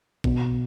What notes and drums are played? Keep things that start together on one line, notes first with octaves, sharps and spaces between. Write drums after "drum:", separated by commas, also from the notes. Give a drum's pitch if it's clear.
B2, drum: kick